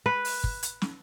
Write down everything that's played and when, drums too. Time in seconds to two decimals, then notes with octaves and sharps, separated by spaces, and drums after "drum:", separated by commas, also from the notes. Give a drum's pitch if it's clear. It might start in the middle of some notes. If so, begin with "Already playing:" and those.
0.06 B4
0.25 drum: open hi-hat
0.44 drum: kick
0.63 drum: hi-hat
0.82 drum: snare